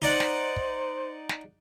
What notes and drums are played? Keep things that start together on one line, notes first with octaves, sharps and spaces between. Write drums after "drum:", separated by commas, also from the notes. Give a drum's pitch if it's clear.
D#4 C5 D5 F#5
drum: snare
drum: kick
drum: snare